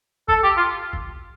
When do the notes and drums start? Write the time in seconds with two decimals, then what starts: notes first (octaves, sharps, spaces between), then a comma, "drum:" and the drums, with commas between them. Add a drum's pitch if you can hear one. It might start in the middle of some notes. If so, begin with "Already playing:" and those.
0.28 A4, drum: kick
0.43 G4
0.57 F4
0.93 drum: kick